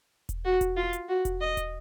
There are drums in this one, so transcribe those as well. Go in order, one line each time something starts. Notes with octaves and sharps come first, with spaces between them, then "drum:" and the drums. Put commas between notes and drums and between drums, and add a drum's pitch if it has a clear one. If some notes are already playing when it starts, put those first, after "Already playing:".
drum: kick E1, hi-hat
F#4
drum: kick E1, hi-hat
F4
drum: hi-hat
F#4
drum: kick E1, hi-hat
D#5
drum: kick E1, hi-hat